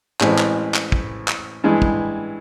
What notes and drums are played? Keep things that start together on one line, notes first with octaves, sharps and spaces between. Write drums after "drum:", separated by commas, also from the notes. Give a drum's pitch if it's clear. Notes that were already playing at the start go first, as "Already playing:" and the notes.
A1 A2 E3 G#3 C4, drum: clap
drum: clap
drum: clap
drum: kick
drum: clap
G2 E3 G#3
drum: kick